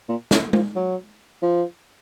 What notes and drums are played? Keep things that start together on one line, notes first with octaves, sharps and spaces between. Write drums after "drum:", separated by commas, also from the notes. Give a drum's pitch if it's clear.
A#2
C#3, drum: snare
F3, drum: tom G#3
F#3
F3